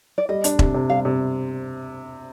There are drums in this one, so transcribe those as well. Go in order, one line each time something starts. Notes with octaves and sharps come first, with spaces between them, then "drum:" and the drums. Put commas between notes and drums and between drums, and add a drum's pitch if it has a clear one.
D5
G3 D#5
D4, drum: hi-hat
C3, drum: kick E1
C3
G3 F5
C3